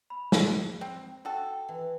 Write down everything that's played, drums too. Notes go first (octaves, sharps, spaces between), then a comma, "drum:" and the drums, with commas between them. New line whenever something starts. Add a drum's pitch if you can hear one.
B5
drum: snare
C4
F#4 A4 G5
E3